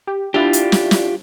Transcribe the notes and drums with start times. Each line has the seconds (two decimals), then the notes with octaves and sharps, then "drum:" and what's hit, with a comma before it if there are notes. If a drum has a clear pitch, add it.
0.07 G4
0.34 D4 E4 F4 G4
0.53 drum: hi-hat
0.72 drum: snare
0.91 drum: snare